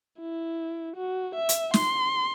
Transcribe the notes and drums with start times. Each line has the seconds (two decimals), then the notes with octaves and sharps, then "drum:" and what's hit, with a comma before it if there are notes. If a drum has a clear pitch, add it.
0.19 E4
0.96 F#4
1.35 E5
1.49 drum: hi-hat
1.74 C6, drum: snare